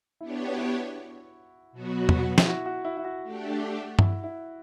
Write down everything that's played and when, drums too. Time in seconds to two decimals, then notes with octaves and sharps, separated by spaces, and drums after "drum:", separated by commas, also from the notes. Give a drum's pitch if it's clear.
0.21 B3 D4 E4 G4 C#5
0.52 F#4
0.58 E4
1.72 B2 F#3 B3 F#4
2.09 drum: tom E2
2.38 E4, drum: snare
2.48 F#4
2.66 F#4
2.85 E4
2.97 E4
3.05 F#4
3.23 A3 D4 G4
3.99 E4, drum: tom G2
4.24 E4